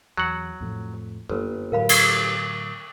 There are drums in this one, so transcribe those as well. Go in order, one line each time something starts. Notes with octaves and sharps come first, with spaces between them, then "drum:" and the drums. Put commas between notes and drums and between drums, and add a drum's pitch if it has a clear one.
E2 F#3 F#5
F2 A2 F3
G1 F#2 G3 A#3
A2 D3 F#3 A#4 F5 B5
drum: cymbal